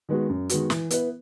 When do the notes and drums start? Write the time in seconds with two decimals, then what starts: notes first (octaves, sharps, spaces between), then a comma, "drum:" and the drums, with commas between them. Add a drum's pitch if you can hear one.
0.09 D#3 G#3 B3 F#4
0.29 F#2
0.49 D#3 G#3 B3 F#4, drum: hi-hat
0.70 E3, drum: snare
0.90 B3 E4 B4, drum: hi-hat